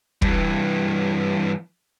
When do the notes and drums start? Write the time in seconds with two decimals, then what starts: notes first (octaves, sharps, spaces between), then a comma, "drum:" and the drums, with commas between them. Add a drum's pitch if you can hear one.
0.22 G2 E3, drum: kick